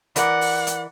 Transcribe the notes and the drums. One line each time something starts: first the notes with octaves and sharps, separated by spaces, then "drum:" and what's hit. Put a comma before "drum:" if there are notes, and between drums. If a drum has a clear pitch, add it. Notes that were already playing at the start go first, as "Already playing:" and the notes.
E3 A#4 D5 F#5, drum: hi-hat
drum: open hi-hat
drum: hi-hat